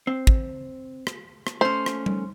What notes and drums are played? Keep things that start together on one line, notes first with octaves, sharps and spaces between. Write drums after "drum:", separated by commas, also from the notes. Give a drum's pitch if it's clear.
C4
drum: kick
drum: rim click
drum: rim click
A3 C#4 C5
drum: rim click
drum: tom G3